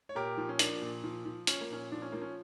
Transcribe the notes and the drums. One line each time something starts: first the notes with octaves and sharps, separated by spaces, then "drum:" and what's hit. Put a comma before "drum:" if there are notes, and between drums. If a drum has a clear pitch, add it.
C#5
A#2 G4 A#4
F3
C#4
F3 A#3 D4, drum: hi-hat
A#2
F3
F3
F3 C#4, drum: hi-hat
A#3
A#2 C#4
F3 D4
C#4
F3 A#3
C#4